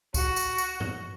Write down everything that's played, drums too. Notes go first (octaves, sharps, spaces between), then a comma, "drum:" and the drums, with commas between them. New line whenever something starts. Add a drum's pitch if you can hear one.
F#4, drum: kick C#2, tambourine
drum: tambourine
drum: tambourine
drum: tom G2